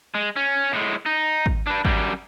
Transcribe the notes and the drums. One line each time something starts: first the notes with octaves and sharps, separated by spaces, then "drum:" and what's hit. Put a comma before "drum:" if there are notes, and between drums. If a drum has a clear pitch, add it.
G#3
C#4
A2 G#3
D#4
drum: kick
D4 B4
F#2 G3, drum: kick